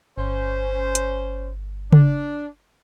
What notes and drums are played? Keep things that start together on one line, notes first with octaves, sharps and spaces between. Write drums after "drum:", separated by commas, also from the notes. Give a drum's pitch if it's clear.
G1 C#4 C5
drum: hi-hat
D4, drum: tom C#3